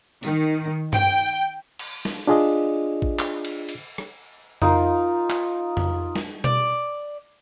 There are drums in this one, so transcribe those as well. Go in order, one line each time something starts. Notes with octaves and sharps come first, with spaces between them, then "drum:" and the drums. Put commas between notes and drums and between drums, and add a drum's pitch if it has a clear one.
D#3, drum: open hi-hat
G5, drum: tom G2
drum: cymbal
drum: snare
D4 F4 G#4 D5 D#5
drum: kick A1
drum: clap
drum: cymbal
drum: cymbal
drum: rim click
D#4 F4 A#4, drum: tom F2
drum: clap
drum: tom F2
drum: snare
D5, drum: tom B2